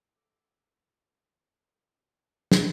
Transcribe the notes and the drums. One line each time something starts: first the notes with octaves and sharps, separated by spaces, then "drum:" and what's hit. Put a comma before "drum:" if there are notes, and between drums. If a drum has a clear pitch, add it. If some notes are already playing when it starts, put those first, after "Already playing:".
A4 D6 E6 A#6 D7
drum: snare